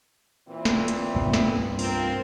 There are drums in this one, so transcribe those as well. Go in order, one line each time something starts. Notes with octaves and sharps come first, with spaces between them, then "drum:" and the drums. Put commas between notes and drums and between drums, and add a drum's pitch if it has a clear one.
A#2 E3 C4
drum: snare
drum: hi-hat
C2 G2 B3
drum: snare
C4 F4 A#4, drum: open hi-hat